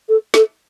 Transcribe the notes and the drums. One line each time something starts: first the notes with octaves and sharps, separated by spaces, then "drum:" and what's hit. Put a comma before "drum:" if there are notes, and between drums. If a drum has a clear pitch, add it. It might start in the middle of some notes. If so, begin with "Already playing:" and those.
A4
A4, drum: snare